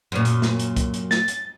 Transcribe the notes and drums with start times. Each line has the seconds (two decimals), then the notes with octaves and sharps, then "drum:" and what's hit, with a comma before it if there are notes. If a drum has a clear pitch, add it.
0.12 F#2 A#2
0.25 drum: hi-hat
0.42 drum: snare
0.59 drum: hi-hat
0.77 drum: kick, hi-hat
0.94 drum: hi-hat
1.11 A6, drum: snare
1.28 drum: hi-hat